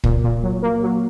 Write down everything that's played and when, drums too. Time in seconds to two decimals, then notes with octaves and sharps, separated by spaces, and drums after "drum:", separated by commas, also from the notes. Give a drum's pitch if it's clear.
0.04 A#2, drum: kick
0.24 A#2
0.43 F#3
0.63 A#3
0.83 F#3